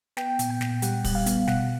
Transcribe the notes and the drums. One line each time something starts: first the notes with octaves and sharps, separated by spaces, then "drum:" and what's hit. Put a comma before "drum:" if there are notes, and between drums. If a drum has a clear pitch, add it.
B3 G5, drum: snare
A#2, drum: hi-hat
G5
A#2, drum: snare
G3 F#5, drum: hi-hat
G3, drum: kick, open hi-hat
F5
B3, drum: hi-hat
B2 F#5, drum: snare